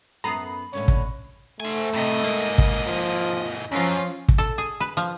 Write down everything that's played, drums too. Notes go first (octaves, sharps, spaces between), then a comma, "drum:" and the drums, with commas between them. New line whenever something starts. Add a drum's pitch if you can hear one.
F#2 B3 A4 A#5 B5 D#6 C7
A2 D3 C#4 C#5
drum: kick
A3 C5 G#5
A2 C3 D#5
G#2 A#3
drum: kick
F3
F#2 F3 C#4 F4
drum: kick
A4
G#4
B4
F3